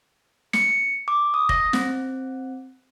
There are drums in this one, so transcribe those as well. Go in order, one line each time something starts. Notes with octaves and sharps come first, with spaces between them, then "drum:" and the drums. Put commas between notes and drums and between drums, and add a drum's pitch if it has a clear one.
C#7, drum: snare
D6
D#6
A#6, drum: kick
C4, drum: snare